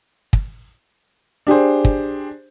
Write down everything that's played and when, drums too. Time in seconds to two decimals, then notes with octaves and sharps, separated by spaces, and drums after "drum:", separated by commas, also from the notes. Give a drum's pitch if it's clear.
0.33 drum: kick
1.47 D4 G4 G#4 C5
1.85 drum: kick